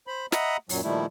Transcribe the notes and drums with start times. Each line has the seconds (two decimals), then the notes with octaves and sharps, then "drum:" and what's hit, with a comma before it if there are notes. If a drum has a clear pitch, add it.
0.07 C5 B5
0.32 D#5 E5 F#5 A#5 B5 D#6, drum: snare
0.69 F#2 A#2 F#3, drum: open hi-hat
0.83 A#2 D#3 F3 G3 A3 E4